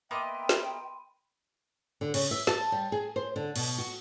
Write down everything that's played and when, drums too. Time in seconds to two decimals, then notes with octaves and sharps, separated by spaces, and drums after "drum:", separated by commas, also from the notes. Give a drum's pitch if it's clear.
0.11 A#3 B3 D#5 E5 G5 B5 C6 D#7
0.49 drum: snare
2.01 D3
2.14 C#3, drum: cymbal
2.31 E5
2.47 A5, drum: snare
2.72 G3
2.92 G#4
3.16 C5
3.36 D3
3.56 B2, drum: cymbal
3.78 F#4